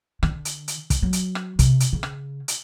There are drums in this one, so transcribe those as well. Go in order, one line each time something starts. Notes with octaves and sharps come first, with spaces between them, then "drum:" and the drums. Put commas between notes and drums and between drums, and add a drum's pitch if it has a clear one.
D3, drum: rim click
drum: hi-hat
drum: hi-hat
drum: kick, hi-hat
F#3
drum: hi-hat
drum: rim click
C3, drum: kick, hi-hat
drum: hi-hat
C#3
drum: rim click
drum: hi-hat